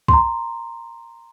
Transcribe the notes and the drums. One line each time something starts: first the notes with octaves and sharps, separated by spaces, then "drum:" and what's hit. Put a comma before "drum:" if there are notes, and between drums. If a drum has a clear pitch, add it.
C6, drum: kick
A#5